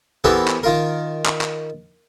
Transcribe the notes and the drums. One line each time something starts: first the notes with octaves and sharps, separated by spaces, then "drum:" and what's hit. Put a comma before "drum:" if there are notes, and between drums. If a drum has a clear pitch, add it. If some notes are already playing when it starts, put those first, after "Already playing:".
E3 B3 C4 G4 A4 A#4
drum: clap
D#3 F4 A#4
drum: clap
drum: clap